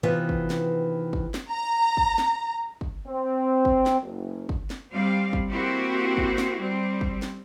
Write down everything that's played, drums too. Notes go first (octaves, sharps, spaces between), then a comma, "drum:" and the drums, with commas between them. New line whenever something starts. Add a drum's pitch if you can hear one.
C3 D#3 E3 B3 F4 B4
drum: kick
drum: snare
drum: kick
drum: snare
A#5
drum: kick
drum: snare
drum: kick
C4
drum: kick
drum: snare
F#1
drum: kick
drum: snare
G3 C4 F5
drum: kick
A#3 C4 E4 F#4 G4 C5
drum: kick
drum: snare
G3 C4
drum: kick
drum: snare